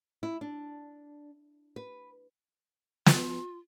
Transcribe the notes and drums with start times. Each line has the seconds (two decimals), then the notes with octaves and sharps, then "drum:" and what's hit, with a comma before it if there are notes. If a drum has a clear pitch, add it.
0.23 E4
0.41 D4
1.76 B4
3.06 F4, drum: snare